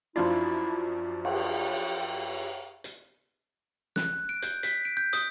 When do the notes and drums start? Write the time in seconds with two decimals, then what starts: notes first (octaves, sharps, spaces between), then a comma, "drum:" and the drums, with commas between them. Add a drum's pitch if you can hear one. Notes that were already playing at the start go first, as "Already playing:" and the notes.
0.16 F#2 F3 D4 E4 F4
1.25 G5, drum: cymbal
2.84 drum: hi-hat
3.96 F#6, drum: snare
4.29 D7
4.42 G6, drum: hi-hat
4.63 B6, drum: hi-hat
4.85 D7
4.97 G6
5.13 D#6, drum: hi-hat